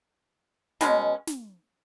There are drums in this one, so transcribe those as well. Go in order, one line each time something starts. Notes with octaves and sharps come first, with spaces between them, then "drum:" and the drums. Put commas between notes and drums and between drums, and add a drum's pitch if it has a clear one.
B2 G#3 C#4, drum: snare
drum: snare